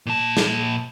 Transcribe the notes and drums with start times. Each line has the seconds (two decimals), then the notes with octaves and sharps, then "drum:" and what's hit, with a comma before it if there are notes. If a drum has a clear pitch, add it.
0.06 A#2 A5
0.37 drum: snare